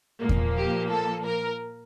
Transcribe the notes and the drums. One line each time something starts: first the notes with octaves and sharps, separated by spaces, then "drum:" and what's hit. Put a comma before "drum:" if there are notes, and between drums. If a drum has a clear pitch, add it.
A#2 F3 A#3
drum: kick E2
G4
A4
A#4